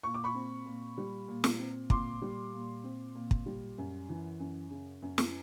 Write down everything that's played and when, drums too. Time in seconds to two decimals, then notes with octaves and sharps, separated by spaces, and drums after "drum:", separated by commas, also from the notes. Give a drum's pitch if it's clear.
0.03 A#2 C#6
0.14 D6
0.24 B5 C#6
0.34 C4
0.66 A#2
0.97 G3
1.28 A#2
1.44 drum: snare
1.59 C4
1.90 A#2 C6 D6, drum: kick
2.22 G3
2.53 A#2
2.84 C4
3.15 A#2
3.31 drum: kick
3.46 G3
3.78 F#2
4.09 E3
4.40 F#2
4.70 C#3
5.02 F#2
5.18 drum: snare